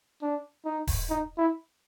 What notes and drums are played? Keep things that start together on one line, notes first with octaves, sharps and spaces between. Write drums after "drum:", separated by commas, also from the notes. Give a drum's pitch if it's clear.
D4
D#4
drum: kick D#1, open hi-hat
D#4
E4